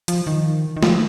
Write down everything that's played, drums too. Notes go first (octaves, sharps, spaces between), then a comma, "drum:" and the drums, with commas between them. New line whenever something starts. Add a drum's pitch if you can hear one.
F3, drum: hi-hat
D#3
D#3
F3, drum: snare